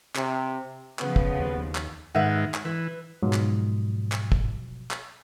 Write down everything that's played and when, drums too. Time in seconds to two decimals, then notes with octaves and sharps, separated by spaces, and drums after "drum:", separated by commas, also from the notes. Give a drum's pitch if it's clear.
0.15 C3, drum: clap
0.99 C#3 F3 B3, drum: clap
1.16 drum: kick
1.38 D#2
1.75 drum: clap
2.15 G#2 D#3 B4 E5 F#5
2.54 drum: clap
2.65 E3 B4
3.23 G#2 B2 F3 F#3
3.33 drum: clap
4.12 drum: clap
4.32 drum: kick
4.91 drum: clap